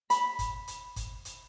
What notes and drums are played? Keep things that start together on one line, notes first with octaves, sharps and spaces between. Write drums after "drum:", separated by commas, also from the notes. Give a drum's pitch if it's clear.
B5, drum: hi-hat
drum: kick G1, hi-hat
drum: hi-hat
drum: kick G1, hi-hat
drum: hi-hat